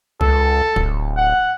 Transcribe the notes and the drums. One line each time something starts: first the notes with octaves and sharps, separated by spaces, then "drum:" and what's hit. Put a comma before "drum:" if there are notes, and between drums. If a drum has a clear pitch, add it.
C#2 A4, drum: kick
D1, drum: kick
F#5